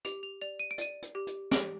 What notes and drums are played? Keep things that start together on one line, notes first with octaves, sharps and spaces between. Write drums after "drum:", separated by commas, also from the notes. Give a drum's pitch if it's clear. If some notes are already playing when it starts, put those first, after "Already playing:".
G4 F7, drum: hi-hat
F7
D5 F7
D#7
D7
D5 D#7, drum: hi-hat
drum: hi-hat
G4
drum: hi-hat
G4 D7, drum: snare